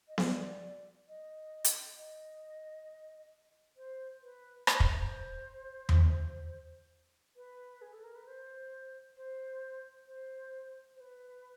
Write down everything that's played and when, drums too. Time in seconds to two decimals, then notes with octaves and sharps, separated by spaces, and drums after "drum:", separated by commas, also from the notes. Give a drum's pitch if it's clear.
0.08 D#5
0.18 D5, drum: snare B3
1.08 D#5
1.64 drum: hi-hat
1.97 D#5
3.77 C5
4.23 B4
4.67 C5, drum: rim click
4.80 B4, drum: kick
4.93 C5
5.89 drum: tom E2
7.36 B4
7.82 G#4
7.92 A4
8.04 A#4
8.15 B4
8.27 C5
9.16 C5
10.07 C5
10.96 C5
11.00 B4